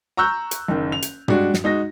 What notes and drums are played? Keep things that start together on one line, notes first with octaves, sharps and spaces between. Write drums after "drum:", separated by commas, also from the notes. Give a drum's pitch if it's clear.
A#5 C#6 E6 F#6 G6
drum: hi-hat
F#1 D#3
F7
drum: hi-hat
G3 G#3 D4 F#4, drum: tom
drum: snare
G#3 D#4 F#4 A#6